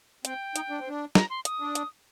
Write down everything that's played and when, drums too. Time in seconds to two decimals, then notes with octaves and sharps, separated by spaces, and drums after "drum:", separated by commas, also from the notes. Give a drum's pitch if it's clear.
0.25 C4 G5, drum: hi-hat
0.56 D#4, drum: hi-hat
0.70 D4
0.79 C4
0.88 D4
1.15 A#5, drum: snare
1.30 C6
1.45 D#6, drum: hi-hat
1.60 D4
1.75 drum: hi-hat